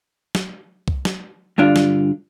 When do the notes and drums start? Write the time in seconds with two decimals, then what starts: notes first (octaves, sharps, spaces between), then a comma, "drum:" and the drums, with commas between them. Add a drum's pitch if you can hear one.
0.35 drum: snare
0.88 drum: kick C2
1.05 drum: snare
1.58 G2 D3 D4 F4
1.76 drum: snare